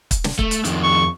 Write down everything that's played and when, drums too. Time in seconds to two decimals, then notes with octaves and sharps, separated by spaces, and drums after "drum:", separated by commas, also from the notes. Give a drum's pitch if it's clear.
0.11 drum: kick, hi-hat
0.24 drum: snare
0.39 A3, drum: kick
0.51 drum: hi-hat
0.65 F2 D#3, drum: hi-hat
0.83 C#6